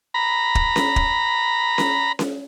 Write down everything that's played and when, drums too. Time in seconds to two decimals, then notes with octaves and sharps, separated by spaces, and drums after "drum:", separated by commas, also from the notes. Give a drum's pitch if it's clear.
0.14 A#5 B5
0.55 drum: kick
0.76 drum: snare C#4
0.96 drum: kick
1.78 drum: snare C#4
2.19 drum: snare C#4